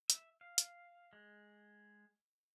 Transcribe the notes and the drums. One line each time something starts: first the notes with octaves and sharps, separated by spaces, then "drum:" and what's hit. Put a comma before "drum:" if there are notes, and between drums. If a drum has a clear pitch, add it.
E5, drum: hi-hat
F5
drum: hi-hat
G#3